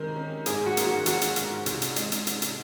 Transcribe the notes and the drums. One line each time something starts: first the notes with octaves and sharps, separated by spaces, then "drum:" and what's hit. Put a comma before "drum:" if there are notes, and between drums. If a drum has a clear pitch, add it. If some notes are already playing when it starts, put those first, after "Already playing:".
Already playing: C3 D#3 G#3 A#4
C#4
G#2 G#4, drum: hi-hat
F#4
A#3, drum: hi-hat
F#4
F3 F#4, drum: hi-hat
drum: hi-hat
G#2, drum: hi-hat
C2, drum: hi-hat
drum: hi-hat
G#3, drum: hi-hat
drum: hi-hat
drum: hi-hat
drum: hi-hat